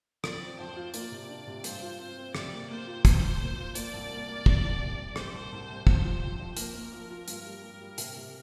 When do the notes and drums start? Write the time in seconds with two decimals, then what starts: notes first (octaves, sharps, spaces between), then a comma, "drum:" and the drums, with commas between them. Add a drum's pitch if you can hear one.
0.24 F3 D5, drum: rim click
0.41 C4
0.59 F2 C5
0.76 F4
0.94 A#3 D5, drum: hi-hat
1.11 C3
1.29 D4
1.47 C3
1.64 G2 C5, drum: hi-hat
1.82 F4
2.00 C4 C5
2.18 C4
2.35 C3 D5, drum: rim click
2.53 A#3
2.70 A#3 C5
2.87 F4
3.05 F4 C5, drum: kick, hi-hat
3.22 F2
3.40 A#3
3.58 F4
3.75 A#3 D5, drum: hi-hat
3.93 C2
4.10 A#3
4.28 A#3
4.46 C3, drum: kick
4.63 C2
4.82 C3
4.99 G3
5.16 C3 C5, drum: rim click
5.34 C2
5.52 C2
5.69 C3
5.87 F2 C5, drum: kick
6.04 F3
6.22 F2
6.40 F2
6.57 A#3 A#4, drum: hi-hat
6.75 A#3
6.92 F3
7.10 F4
7.28 G2, drum: hi-hat
7.45 G3
7.62 G3
7.80 G3
7.98 C3, drum: hi-hat
8.16 C3